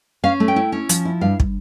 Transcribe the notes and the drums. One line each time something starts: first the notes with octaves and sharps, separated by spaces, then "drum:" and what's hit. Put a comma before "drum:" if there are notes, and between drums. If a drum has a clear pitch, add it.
C#4 F5
A3
G5
E4
C#4
F3, drum: hi-hat
E4
G2 F5
drum: kick